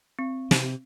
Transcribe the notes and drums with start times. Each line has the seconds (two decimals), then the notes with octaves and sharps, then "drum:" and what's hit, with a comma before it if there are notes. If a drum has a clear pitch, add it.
0.19 C4
0.51 C3, drum: snare